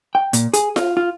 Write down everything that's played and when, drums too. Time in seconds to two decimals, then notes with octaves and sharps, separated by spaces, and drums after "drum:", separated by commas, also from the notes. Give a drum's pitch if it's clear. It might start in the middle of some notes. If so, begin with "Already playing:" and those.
0.15 G5
0.33 A#2, drum: hi-hat
0.53 G#4, drum: hi-hat
0.76 F4, drum: snare F4
0.97 F4